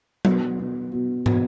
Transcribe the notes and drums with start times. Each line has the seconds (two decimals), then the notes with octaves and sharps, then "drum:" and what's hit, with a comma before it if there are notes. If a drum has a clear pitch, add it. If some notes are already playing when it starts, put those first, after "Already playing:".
0.25 B2, drum: tom F#3
0.59 B2
0.92 B2
1.26 B2, drum: tom